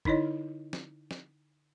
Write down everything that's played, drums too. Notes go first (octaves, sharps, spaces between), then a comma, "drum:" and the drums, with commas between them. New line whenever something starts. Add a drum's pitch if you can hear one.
D3 D#4 E4 C#5 D#5, drum: kick
drum: snare
drum: snare